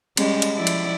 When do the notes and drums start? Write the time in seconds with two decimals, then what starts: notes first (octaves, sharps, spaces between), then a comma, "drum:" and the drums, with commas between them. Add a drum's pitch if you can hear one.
0.17 G3 G#3 C#4, drum: cymbal
0.42 drum: cymbal
0.55 F3 E4 D5
0.67 drum: cymbal